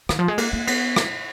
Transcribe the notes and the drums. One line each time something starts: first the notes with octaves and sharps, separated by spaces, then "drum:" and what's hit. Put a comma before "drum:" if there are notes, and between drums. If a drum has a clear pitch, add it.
D#3, drum: rim click
F3
G#3
A#3, drum: cymbal
A#3
B3, drum: cymbal
drum: rim click